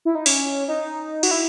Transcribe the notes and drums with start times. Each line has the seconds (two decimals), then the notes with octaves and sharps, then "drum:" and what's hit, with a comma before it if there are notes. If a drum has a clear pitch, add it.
0.05 E4
0.15 D#4
0.26 C#4, drum: open hi-hat
0.68 D#4
1.23 F#4, drum: cymbal
1.31 E4